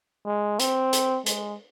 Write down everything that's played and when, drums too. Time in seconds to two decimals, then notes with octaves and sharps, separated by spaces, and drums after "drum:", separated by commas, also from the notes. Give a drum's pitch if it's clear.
0.26 G#3
0.59 C4, drum: hi-hat
0.93 drum: hi-hat
1.26 G#3, drum: hi-hat